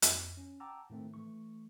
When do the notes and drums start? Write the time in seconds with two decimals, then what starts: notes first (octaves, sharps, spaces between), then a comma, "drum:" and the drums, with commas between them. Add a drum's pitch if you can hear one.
0.02 F2, drum: hi-hat
0.37 C#4
0.60 F#5 G5 A5 A#5 D6 E6
0.90 A2 D#3 A3 C4
1.14 E3 A3 C#6